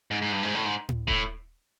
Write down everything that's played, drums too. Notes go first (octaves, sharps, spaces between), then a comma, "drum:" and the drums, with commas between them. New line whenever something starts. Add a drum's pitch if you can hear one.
G#2
G#2
G2
G#2
A2
G#2
drum: tom A2
A2, drum: kick D#1